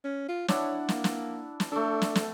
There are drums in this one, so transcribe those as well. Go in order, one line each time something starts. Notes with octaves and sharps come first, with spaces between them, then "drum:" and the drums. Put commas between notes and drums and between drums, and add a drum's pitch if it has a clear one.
C#4
F4
D4 E4 C#5 F#5, drum: snare
A#3, drum: snare
drum: snare
drum: snare
A3 D4 A4
drum: snare
drum: snare